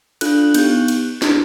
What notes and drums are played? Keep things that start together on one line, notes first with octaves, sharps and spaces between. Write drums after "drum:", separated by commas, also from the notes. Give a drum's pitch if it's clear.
D4 F4 A4 F#6, drum: cymbal
F#6
B3 D#4 G4 G6, drum: cymbal
F#6
drum: cymbal
drum: snare